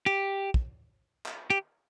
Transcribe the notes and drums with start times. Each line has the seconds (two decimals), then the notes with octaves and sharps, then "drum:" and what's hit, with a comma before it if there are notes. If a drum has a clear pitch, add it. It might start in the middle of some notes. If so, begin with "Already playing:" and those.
0.06 G4
0.54 drum: kick
1.26 drum: clap
1.50 G4